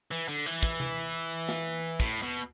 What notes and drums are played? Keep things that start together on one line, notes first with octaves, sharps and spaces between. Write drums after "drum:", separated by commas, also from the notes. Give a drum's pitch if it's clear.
E3
D3
E3
drum: kick
drum: tom C3
drum: snare
A2, drum: kick
B2